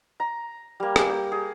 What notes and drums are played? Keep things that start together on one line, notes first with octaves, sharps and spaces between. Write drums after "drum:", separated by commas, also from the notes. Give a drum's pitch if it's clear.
A#5
G3 A#3
drum: rim click
G5
G#4